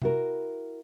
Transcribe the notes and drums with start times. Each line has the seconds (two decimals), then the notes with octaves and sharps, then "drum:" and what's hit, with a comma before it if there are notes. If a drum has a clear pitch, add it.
0.02 E4 F#4 A#4, drum: tom C3